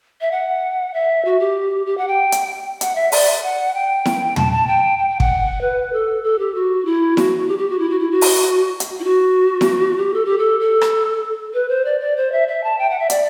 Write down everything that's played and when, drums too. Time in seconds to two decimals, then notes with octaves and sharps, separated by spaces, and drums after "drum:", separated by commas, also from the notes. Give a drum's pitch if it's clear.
0.21 E5
0.31 F#5
0.94 E5
1.25 F#4
1.40 G4
1.86 G4
1.98 F#5
2.08 G5
2.32 drum: hi-hat
2.81 F#5, drum: hi-hat
2.95 E5
3.12 D5, drum: open hi-hat
3.43 F#5
3.74 G5
4.05 drum: snare E4
4.36 A5, drum: tom
4.52 A5
4.67 G5
4.99 G5
5.10 G5
5.20 F#5, drum: kick
5.61 B4
5.93 A4
6.24 A4
6.39 G4
6.55 F#4
6.85 E4
7.17 F#4, drum: snare E4
7.48 G4
7.59 G4
7.70 F#4
7.79 E4
7.90 F#4
8.00 E4
8.11 F#4
8.21 drum: open hi-hat
8.80 drum: hi-hat
9.00 E4
9.04 F#4
9.61 drum: snare E4
9.98 G4
10.14 A4
10.25 G4
10.38 A4
10.60 A4
10.81 drum: rim click
11.54 B4
11.69 C5
11.85 D5
12.00 D5
12.17 C5
12.32 E5
12.48 E5
12.64 A5
12.79 G5
12.90 F#5
12.99 E5
13.10 D5, drum: hi-hat